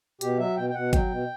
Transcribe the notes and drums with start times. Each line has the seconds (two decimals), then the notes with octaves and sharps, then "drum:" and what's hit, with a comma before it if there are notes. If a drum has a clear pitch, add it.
0.21 B2 G4, drum: hi-hat
0.38 F#3 E5
0.56 B2 G5
0.70 G5
0.74 B2 F#5
0.93 F#3 G5, drum: kick, hi-hat
1.10 B2